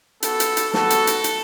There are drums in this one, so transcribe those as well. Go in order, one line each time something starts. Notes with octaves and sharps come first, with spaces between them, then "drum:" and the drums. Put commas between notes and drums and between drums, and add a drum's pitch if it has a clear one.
B3 F#4 A4, drum: hi-hat
drum: hi-hat
drum: hi-hat
B3 F#4 A4, drum: snare
drum: hi-hat
drum: hi-hat
drum: hi-hat